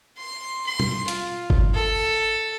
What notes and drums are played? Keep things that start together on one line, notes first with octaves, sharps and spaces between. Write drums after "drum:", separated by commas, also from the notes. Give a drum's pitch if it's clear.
C6
C6
drum: tom
F4, drum: hi-hat
drum: kick G1
A4